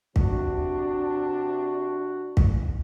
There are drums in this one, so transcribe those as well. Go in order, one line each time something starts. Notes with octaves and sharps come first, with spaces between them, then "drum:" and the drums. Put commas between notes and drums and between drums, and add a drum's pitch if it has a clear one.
C3 D4 F#4, drum: kick
drum: kick